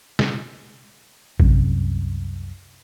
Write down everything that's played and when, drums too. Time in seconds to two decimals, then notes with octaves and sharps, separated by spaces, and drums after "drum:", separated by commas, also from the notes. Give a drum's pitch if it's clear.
0.19 drum: snare
1.40 C2 F#2 C3, drum: kick A1